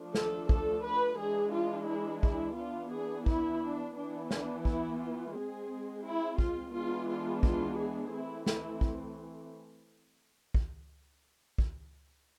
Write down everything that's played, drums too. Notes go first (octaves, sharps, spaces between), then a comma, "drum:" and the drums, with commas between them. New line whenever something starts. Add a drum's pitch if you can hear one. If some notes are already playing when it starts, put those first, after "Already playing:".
Already playing: F3 A3 D4
A4, drum: snare
A4, drum: kick
B4
E3 G#3 D4 G#4
F4
E4
E4, drum: kick
E3 B3 D4 F4
G#4
E4, drum: kick
D4
E3 B3 D4
D4, drum: snare
E4, drum: kick
F4
G#3 C4 G#4
E4
F4, drum: kick
E3 G#3 B3 D4 F4
F4
F4, drum: kick
G#4
E3 A3 C4 E4
E4, drum: snare
drum: kick
drum: kick
drum: kick